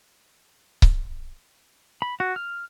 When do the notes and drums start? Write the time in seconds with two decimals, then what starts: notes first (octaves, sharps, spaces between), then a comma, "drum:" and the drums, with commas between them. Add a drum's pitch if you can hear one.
0.82 drum: kick C#1
2.02 B5
2.20 F#4
2.36 F6